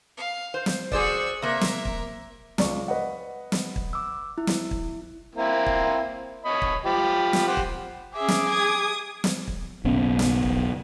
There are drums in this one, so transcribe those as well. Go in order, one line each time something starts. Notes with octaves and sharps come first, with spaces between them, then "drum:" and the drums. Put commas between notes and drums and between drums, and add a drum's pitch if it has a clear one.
F5
C5
drum: snare
F#4 G#4 C5 D5 E6, drum: kick
C3 A#3 A#4 E5
drum: snare
drum: kick
C#2 D5 C#6, drum: snare
B4 D#5 F#5
drum: snare
drum: kick
D6 E6
E4
drum: snare
drum: kick
A#3 C4 E4
drum: kick
C#5 D#5 B5
drum: kick
F3 G4 B5
drum: snare
G4 C5 F#5
drum: kick
C#4 G#4 E5 D6
drum: snare
D#6 G#6
drum: snare
drum: kick
F#1 B1 B3 C#4
drum: snare
drum: kick